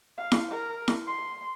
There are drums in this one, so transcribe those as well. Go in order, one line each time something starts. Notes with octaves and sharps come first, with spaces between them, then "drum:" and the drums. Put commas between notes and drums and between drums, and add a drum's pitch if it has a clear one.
F5
drum: snare E4
A#4
drum: snare E4
C6